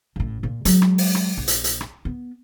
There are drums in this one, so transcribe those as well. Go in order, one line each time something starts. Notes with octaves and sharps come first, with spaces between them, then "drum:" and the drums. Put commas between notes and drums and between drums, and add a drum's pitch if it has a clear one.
A1 A2
A#2
F#3 G#3, drum: hi-hat
drum: rim click
drum: open hi-hat
drum: rim click
A#1
drum: hi-hat
drum: hi-hat
drum: rim click
B3